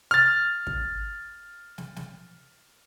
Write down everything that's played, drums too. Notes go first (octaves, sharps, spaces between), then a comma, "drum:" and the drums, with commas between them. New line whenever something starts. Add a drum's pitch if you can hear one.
F6 A6
drum: kick
drum: snare
drum: snare